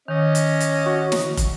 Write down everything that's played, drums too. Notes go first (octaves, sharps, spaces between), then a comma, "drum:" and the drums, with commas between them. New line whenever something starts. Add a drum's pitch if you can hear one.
D#3 C#4 D#5
drum: hi-hat
drum: hi-hat
F#4
drum: snare
drum: kick, hi-hat